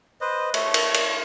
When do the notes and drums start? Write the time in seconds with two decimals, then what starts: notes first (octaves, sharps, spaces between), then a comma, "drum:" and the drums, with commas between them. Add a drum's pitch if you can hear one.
0.21 B4 C5 D#5
0.54 A3 C#5, drum: cymbal
0.74 drum: cymbal
0.94 drum: cymbal